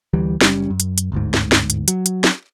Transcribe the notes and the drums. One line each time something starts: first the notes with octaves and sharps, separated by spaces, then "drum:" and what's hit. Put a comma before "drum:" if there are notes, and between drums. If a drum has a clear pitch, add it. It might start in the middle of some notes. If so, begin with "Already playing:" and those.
D2 E3 G3
F#1 G3 C#4, drum: snare
F#2
drum: hi-hat
drum: hi-hat
G1 D2 G#2
drum: snare
drum: snare
drum: hi-hat
F#3, drum: hi-hat
drum: hi-hat
drum: snare